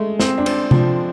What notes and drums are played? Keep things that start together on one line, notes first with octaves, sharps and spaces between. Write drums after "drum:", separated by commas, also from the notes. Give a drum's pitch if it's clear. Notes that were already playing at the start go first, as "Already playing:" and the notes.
Already playing: G#3 A3
C4, drum: snare
D4
C4, drum: cymbal
F3, drum: tom C3